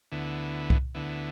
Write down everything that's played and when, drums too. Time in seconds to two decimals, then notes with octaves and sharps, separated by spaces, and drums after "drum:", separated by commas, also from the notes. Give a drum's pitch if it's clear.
0.12 D2 D3 B3 E4
0.70 drum: kick C2
0.95 D2 D3 B3 E4